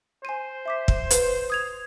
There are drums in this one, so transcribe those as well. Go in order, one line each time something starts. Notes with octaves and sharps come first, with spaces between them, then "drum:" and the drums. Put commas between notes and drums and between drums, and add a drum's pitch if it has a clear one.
C5 G#5 D#7
E5 D6 B6
drum: kick
B4, drum: hi-hat
D#6 G#6 F7